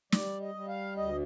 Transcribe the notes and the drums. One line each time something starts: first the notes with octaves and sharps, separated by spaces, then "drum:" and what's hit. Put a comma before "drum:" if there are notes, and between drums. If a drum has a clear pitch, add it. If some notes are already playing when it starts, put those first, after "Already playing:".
G3 D5, drum: snare
D#5
G3
F5
D2 D#5